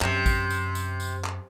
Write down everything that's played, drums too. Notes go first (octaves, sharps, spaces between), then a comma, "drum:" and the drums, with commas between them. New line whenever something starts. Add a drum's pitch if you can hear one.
F#2 C3, drum: clap
drum: kick A1, tambourine
drum: tambourine
drum: tambourine
drum: tambourine
drum: clap